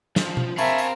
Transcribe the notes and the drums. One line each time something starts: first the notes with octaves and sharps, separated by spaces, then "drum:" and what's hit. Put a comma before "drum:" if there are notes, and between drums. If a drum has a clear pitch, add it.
F3, drum: snare
drum: tom B2
C4 A#4 E5 F5 G#5 A5 B5 C#6, drum: tambourine
drum: tambourine